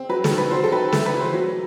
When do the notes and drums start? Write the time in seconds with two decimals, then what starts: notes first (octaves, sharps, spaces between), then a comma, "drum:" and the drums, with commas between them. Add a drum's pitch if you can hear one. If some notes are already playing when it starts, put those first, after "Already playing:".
Already playing: C4
0.09 F#3 B4
0.24 A4, drum: snare
0.31 D#3
0.38 B4
0.51 F#3 C5
0.64 A4
0.72 C4 B4
0.92 A3 A4, drum: snare
1.06 B4
1.14 E3
1.20 C5
1.34 F#3